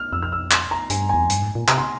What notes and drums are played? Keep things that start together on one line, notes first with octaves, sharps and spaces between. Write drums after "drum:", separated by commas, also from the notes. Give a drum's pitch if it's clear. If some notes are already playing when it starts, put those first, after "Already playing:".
Already playing: F6
F2 E6
F6
E6
C6, drum: clap
A#5
G2 G#5, drum: hi-hat
E2 G#5
F2
G2, drum: hi-hat
G#2
A#2
C3 A#5, drum: clap
C6